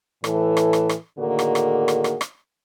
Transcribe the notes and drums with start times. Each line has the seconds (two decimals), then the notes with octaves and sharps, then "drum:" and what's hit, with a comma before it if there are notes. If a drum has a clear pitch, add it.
0.24 A2 E3 A4, drum: rim click
0.57 drum: rim click
0.73 drum: rim click
0.89 drum: rim click
1.18 A2 D3 D#3 A#3 F#4 G#4
1.39 drum: rim click
1.55 drum: rim click
1.88 drum: rim click
2.04 drum: rim click
2.21 drum: rim click